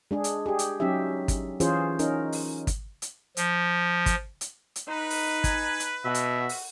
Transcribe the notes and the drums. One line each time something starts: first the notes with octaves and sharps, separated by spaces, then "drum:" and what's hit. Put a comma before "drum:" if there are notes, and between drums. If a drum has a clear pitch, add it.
G#3 D4 G#4
drum: hi-hat
G4 G#4
drum: hi-hat
F#3 C#4 D#4 G4 E5
drum: kick, hi-hat
E3 C#4 F4 G#4 C5, drum: hi-hat
C#4 D#4 A#4, drum: hi-hat
drum: open hi-hat
drum: kick, hi-hat
drum: hi-hat
F3, drum: hi-hat
drum: kick, hi-hat
drum: hi-hat
drum: hi-hat
D#4 B4
drum: open hi-hat
G#5, drum: kick, hi-hat
drum: hi-hat
B2 F#4 E5
drum: hi-hat
drum: open hi-hat